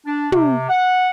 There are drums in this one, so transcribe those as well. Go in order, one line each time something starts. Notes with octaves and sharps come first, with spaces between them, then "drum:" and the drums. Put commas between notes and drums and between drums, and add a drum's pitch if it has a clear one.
D4
C3, drum: tom
F#5